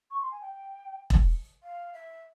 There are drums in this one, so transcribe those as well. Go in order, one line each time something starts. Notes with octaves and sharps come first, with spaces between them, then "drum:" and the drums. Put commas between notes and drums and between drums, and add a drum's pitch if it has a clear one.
C#6
C6
G#5
G5
drum: kick E1
F5
E5